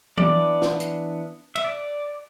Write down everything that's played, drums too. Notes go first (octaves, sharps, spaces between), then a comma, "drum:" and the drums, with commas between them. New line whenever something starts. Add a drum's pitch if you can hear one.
E3 B3 D4 D5, drum: tom E3
drum: snare
drum: hi-hat
E5, drum: cymbal
D5